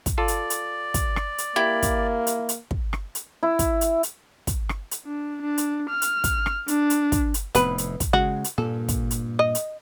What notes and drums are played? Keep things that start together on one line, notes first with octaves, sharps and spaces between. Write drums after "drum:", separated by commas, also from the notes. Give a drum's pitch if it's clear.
drum: kick, hi-hat
F4 A4 D5
drum: hi-hat
drum: hi-hat
drum: kick, hi-hat
drum: rim click
drum: hi-hat
A#3 E4 G4
drum: kick, hi-hat
drum: hi-hat
drum: hi-hat
drum: kick
drum: rim click
drum: hi-hat
E4
drum: kick, hi-hat
drum: hi-hat
drum: hi-hat
drum: kick, hi-hat
drum: rim click
drum: hi-hat
D4
D4
drum: hi-hat
F6
drum: hi-hat
drum: kick, hi-hat
drum: rim click
D4, drum: hi-hat
drum: hi-hat
drum: kick, hi-hat
drum: hi-hat
F1 A2 B3 B4, drum: hi-hat
drum: hi-hat
drum: kick, hi-hat
C#3 G#3 F#4
drum: hi-hat
G2 A#2 A4
drum: kick, hi-hat
drum: hi-hat
D#5
drum: hi-hat